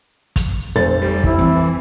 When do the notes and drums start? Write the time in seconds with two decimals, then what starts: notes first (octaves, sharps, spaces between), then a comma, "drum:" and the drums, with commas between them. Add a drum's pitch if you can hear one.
0.36 drum: kick, hi-hat
0.76 F1 C5 A6
1.02 G3
1.24 E4, drum: kick
1.39 E3 C4